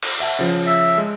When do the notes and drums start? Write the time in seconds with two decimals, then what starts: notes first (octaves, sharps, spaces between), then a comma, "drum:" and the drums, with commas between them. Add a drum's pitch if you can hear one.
0.03 drum: cymbal
0.20 E5 F#5 A5
0.39 C#3 F3
0.67 E5
0.98 G#3